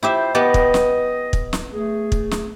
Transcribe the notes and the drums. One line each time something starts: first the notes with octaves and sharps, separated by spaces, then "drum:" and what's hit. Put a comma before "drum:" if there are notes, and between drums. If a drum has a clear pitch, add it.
E4 F4 G4 C5 E5
B3 G4 D#5 A5
drum: kick
drum: snare
drum: kick
drum: snare
A3 G#4
drum: kick
drum: snare